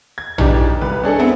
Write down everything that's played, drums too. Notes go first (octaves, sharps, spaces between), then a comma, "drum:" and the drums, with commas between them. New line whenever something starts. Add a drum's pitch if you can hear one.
G#6
B1 E3 D4 G4, drum: tom A#1
C2 B4
C#4 D4 G#4 A4
B3 C4 E4